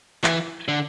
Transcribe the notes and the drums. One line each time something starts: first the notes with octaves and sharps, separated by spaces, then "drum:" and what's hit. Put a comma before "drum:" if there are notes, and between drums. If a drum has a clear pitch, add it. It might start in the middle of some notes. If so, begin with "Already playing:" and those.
E3, drum: clap
D3